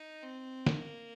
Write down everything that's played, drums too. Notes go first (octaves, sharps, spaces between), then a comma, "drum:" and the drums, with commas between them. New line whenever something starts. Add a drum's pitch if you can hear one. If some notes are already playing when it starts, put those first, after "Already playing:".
Already playing: D#4
C4
A#3, drum: snare